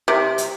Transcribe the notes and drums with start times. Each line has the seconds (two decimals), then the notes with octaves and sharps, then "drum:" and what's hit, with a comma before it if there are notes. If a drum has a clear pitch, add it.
0.08 C3
0.38 drum: hi-hat